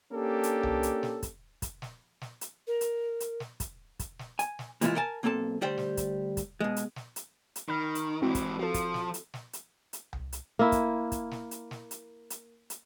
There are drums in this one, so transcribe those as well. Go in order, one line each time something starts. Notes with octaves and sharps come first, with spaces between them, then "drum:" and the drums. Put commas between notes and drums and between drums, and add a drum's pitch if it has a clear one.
A#3 C#4 D4 G4 A4
drum: hi-hat
drum: tom C2
drum: hi-hat
drum: snare
drum: kick, hi-hat
drum: kick, hi-hat
drum: snare
drum: snare
drum: hi-hat
A#4
drum: hi-hat
drum: hi-hat
drum: snare
drum: kick, hi-hat
drum: kick, hi-hat
drum: snare
G#5, drum: hi-hat
drum: snare
A#2 E3 G#3 C#4 E4 F4, drum: hi-hat
A#4 G#5 A5
B1 A#3 C4 A4 A5
D2 G3 C5 G5
drum: snare
drum: kick, hi-hat
drum: kick, hi-hat
B2 G#3
drum: hi-hat
drum: snare
drum: hi-hat
drum: hi-hat
D#3 B5 F6
drum: hi-hat
G#2 E3 C4 E4 F#4
drum: kick, hi-hat
F3 F#4 A4
drum: kick, hi-hat
drum: snare
drum: hi-hat
drum: snare
drum: hi-hat
drum: hi-hat
drum: tom C2
drum: hi-hat
A#3 E4
drum: kick, hi-hat
drum: kick, hi-hat
drum: snare
drum: hi-hat
drum: snare
drum: hi-hat
drum: hi-hat
drum: hi-hat